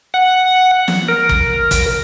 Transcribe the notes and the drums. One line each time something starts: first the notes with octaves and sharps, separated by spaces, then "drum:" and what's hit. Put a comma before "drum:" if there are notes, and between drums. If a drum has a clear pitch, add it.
F#5
drum: snare
A#4
drum: kick
drum: kick, hi-hat